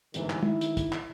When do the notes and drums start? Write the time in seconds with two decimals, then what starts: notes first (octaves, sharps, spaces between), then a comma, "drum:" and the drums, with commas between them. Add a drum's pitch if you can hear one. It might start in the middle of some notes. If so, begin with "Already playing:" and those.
0.14 G1 G#2 C3 D#3 E3, drum: hi-hat
0.30 drum: clap
0.43 D#3 E4, drum: tom
0.61 drum: hi-hat
0.77 drum: kick, hi-hat
0.93 drum: clap